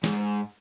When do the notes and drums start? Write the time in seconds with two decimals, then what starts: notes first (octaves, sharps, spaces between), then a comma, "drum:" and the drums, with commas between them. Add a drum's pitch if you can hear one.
0.04 G#2, drum: snare